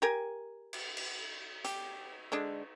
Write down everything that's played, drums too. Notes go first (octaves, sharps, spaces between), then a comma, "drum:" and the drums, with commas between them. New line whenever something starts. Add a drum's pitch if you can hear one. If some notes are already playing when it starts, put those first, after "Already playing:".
G4 A#4 G#5
drum: cymbal
drum: cymbal
G4, drum: hi-hat
D3 G#3 D4